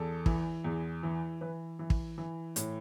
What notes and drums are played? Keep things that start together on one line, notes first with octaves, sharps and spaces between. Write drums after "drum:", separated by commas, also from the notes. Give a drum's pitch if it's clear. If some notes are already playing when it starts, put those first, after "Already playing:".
Already playing: E2 A4
E3, drum: kick
E2
E3
E3 B4
E3
drum: kick
E3
A2, drum: hi-hat